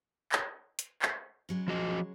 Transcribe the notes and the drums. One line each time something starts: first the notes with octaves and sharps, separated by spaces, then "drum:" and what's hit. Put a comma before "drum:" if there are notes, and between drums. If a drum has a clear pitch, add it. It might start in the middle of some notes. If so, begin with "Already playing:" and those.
drum: clap
drum: hi-hat
drum: clap
C#3 F#3 G#3
F3 F#4 D#5